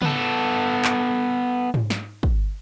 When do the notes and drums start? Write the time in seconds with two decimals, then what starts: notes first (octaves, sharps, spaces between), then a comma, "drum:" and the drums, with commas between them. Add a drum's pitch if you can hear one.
0.02 B3 A4, drum: tom C#3
0.85 drum: clap
1.74 drum: tom G#2
1.90 drum: snare
2.23 drum: kick